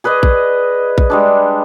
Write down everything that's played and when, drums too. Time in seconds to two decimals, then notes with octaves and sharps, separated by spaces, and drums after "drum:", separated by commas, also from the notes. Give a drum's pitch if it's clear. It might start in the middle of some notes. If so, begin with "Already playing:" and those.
0.04 G#4 B4 D5 D#5
0.23 drum: kick A#1
0.98 drum: kick A#1
1.10 G3 G#3 D4